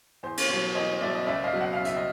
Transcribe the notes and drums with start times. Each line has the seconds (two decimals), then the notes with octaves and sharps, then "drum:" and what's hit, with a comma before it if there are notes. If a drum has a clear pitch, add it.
0.23 E2 C5
0.37 drum: cymbal
0.49 B2 F#3 C#5
0.75 E2 C#5 D#5
1.01 B2 F#3 D5 E5
1.15 D#5
1.26 C#2 D5 E5
1.44 D#5 F5
1.52 B2 F#3
1.61 F#5
1.73 F5
1.79 C#2
1.85 E5, drum: hi-hat
1.97 D#5